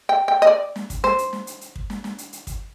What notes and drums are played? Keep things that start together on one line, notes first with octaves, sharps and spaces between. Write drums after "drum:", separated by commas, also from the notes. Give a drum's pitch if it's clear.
G5
G5
D#5
D5
drum: snare
drum: kick, hi-hat
C5, drum: snare
drum: hi-hat
drum: snare
drum: hi-hat
drum: hi-hat
drum: kick
drum: snare
drum: snare
drum: hi-hat
drum: hi-hat
drum: kick, hi-hat